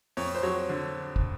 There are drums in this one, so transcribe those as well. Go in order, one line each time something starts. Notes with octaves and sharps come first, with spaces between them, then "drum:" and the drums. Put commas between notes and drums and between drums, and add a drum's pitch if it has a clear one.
F2 C#5, drum: open hi-hat
C5
F#3 C#5
D3
drum: kick